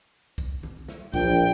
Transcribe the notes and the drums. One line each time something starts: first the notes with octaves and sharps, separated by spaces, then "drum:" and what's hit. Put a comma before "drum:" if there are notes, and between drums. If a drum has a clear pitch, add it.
drum: kick B1, tambourine
drum: tom
drum: snare
A#1 G5, drum: kick B1, tambourine